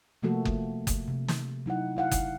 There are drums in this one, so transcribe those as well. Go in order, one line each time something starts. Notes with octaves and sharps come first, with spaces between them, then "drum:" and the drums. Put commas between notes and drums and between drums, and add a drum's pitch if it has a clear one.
C3 F3 A3 A#3 F#4 A4
drum: kick F#1
drum: kick F#1, hi-hat
C3
drum: snare
F#3 D#4 E4 F#5
E4 F5 F#5
drum: kick F#1, hi-hat